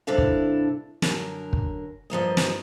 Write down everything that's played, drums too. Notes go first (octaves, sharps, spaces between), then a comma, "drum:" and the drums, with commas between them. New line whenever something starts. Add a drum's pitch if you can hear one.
G2 C3 D4 E4 A4 F5
drum: kick
F#2 D3 A#4, drum: snare
drum: kick
G2 F3 A#3 D#5
drum: snare